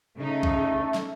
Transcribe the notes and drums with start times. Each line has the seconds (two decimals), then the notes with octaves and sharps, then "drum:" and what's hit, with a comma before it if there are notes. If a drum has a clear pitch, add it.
0.18 C#3 A3 D#4
0.43 drum: kick A#1
0.94 drum: snare